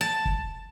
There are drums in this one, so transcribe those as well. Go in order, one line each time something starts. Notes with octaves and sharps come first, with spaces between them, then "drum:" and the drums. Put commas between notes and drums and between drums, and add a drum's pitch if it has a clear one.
A5
drum: kick